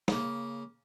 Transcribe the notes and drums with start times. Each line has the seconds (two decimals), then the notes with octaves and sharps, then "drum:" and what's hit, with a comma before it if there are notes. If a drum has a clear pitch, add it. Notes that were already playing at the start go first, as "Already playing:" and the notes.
0.08 C#3 A#3, drum: snare